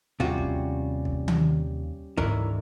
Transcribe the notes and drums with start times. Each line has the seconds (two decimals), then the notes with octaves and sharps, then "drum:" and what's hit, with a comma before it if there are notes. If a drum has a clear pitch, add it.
0.20 D#2 C3 G3 C#4 F4 F#4
0.38 drum: kick
1.05 drum: kick
1.28 drum: tom D#3
2.17 D2 G#2 E3 C#4 A#4, drum: kick